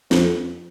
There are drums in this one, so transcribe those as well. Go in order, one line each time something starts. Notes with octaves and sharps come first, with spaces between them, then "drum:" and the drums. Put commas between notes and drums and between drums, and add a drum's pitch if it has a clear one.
F2, drum: snare